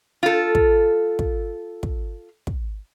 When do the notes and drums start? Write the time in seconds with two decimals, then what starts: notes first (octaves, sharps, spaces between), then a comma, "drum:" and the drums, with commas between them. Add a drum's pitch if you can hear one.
0.23 F4 A4
0.55 drum: kick
1.19 drum: kick
1.83 drum: kick
2.47 drum: kick